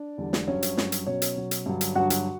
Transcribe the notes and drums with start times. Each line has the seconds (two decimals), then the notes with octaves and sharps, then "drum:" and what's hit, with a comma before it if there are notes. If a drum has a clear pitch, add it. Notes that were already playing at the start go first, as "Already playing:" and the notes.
Already playing: D4 D5
0.18 E2 D3 G3
0.33 drum: snare
0.48 G2 F#3 C#4 C#5
0.63 drum: hi-hat
0.77 G2 F#3, drum: snare
0.92 drum: hi-hat
1.07 B2 F#3 C#4 C#5
1.22 drum: hi-hat
1.36 B2 F#3
1.51 drum: hi-hat
1.66 G2 D3 F#3
1.81 drum: hi-hat
1.95 G2 D3 F#3 F#4 F#5
2.10 F#4 F#5, drum: hi-hat